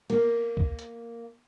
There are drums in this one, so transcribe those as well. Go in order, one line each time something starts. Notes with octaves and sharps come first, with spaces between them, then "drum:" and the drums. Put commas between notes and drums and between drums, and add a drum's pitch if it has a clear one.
A#3, drum: cymbal
drum: kick C#2
drum: hi-hat